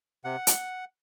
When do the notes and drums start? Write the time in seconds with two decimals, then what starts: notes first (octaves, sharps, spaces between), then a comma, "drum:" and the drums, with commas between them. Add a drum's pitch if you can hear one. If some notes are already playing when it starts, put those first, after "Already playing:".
0.24 C3 F#5
0.47 drum: hi-hat